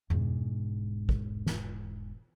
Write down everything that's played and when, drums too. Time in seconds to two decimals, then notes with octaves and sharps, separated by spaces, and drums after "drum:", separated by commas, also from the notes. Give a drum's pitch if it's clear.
0.10 E1 G#2, drum: tom F2
1.09 drum: kick
1.46 drum: snare